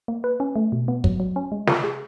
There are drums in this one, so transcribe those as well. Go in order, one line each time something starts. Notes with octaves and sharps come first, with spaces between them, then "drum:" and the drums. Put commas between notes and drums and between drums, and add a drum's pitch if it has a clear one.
A#3
B4
C#4
A3
B2
B3
F#3, drum: kick
F#3
C#4
G#3
F4, drum: snare
G#4